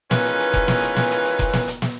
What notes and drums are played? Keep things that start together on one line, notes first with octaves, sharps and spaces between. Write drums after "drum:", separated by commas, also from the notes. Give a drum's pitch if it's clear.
D#3 E3 G#3 C#4 F4 B4, drum: snare
drum: hi-hat
drum: hi-hat
drum: kick F1, hi-hat
drum: snare
drum: hi-hat
drum: snare
drum: hi-hat
drum: hi-hat
drum: kick F1, hi-hat
drum: snare
drum: hi-hat
drum: snare